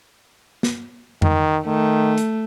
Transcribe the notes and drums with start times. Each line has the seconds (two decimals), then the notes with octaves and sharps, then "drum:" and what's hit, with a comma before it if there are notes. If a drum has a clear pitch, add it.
0.63 drum: snare
1.22 D#3, drum: tom F2
1.66 D#3 A3
2.18 drum: hi-hat